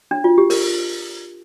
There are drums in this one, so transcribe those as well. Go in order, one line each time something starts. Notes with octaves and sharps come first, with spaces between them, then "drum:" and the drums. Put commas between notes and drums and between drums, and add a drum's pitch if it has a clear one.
D4
F4
G4
A#4, drum: open hi-hat